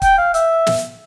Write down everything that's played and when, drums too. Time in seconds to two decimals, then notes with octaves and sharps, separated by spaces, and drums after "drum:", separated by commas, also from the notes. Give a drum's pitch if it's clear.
0.02 G5, drum: kick, hi-hat
0.18 F5
0.34 E5, drum: hi-hat
0.67 drum: snare